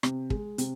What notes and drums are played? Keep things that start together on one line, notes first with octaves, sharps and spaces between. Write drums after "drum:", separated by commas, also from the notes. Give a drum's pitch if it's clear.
C3, drum: rim click
G#3, drum: kick
C3, drum: hi-hat